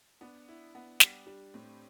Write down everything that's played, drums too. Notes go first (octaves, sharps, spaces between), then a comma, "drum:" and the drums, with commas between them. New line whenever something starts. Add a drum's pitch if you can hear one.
B3 D4
E4
B3
G3 G4, drum: snare
G3 D4
A2 C4